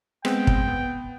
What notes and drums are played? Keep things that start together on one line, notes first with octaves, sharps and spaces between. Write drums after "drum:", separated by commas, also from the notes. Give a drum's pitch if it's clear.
G#3 B3 C4 G5, drum: rim click
drum: kick
B3